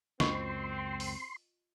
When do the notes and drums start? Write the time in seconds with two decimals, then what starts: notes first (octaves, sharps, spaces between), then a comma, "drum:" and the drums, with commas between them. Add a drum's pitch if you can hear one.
0.20 C#2 F#2 C4 F4 D#5 C6 C#6, drum: snare
1.00 drum: open hi-hat